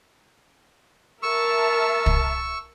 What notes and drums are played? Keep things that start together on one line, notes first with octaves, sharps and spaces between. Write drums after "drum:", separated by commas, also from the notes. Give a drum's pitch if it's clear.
A#4 E5 A5 C#6 E6
drum: kick